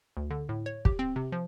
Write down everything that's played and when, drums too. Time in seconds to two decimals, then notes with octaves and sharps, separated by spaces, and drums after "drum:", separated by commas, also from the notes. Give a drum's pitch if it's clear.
0.17 D2
0.31 D3
0.49 A2
0.66 C#5
0.85 G4, drum: kick
0.99 C4
1.16 C3
1.32 F3